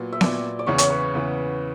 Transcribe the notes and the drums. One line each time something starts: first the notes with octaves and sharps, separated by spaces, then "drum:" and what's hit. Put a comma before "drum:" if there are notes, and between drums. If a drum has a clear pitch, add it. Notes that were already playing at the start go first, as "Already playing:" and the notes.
Already playing: A#2 F#3 B3
E5
A#2 F#3 B3 D5, drum: snare B3
D5
E2 C#3 E3 B3 C#5
C#5, drum: hi-hat
B4
E2 C#3 E3 B3